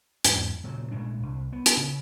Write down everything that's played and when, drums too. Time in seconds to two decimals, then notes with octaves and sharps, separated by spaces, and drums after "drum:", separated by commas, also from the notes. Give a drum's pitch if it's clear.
0.24 E2 G#2, drum: hi-hat
0.64 A#2 C#3 F#3
0.91 A#2 G#3 A3 D4
1.23 C2
1.53 B3
1.66 drum: hi-hat
1.77 C#3 C#4